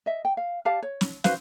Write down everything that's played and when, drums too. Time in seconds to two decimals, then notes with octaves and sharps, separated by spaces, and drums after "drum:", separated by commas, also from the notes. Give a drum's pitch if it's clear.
0.06 D#5 E5
0.25 G5
0.37 F5
0.65 G4 D5 F5 A5
0.83 C#5
1.01 drum: snare
1.24 F#4 B4 C5 F5, drum: snare